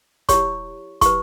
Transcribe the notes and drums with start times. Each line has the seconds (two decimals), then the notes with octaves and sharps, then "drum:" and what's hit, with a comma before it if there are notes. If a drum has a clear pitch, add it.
0.29 E4 G4 C#5 C#6, drum: kick, hi-hat
1.01 E4 G4 B4 C#6, drum: kick, hi-hat